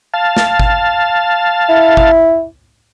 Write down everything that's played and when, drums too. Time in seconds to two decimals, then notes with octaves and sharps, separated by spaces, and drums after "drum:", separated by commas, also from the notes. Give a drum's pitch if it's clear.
0.14 F5 A5
0.37 drum: snare
0.59 drum: kick G1
1.69 E4
1.97 drum: kick G1